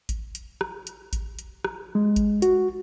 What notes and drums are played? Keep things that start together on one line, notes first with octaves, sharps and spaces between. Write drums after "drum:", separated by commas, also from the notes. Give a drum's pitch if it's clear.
drum: kick A1, hi-hat
drum: hi-hat
drum: rim click
drum: hi-hat
drum: kick A1, hi-hat
drum: hi-hat
drum: rim click
G#3
drum: kick A1, hi-hat
F#4, drum: hi-hat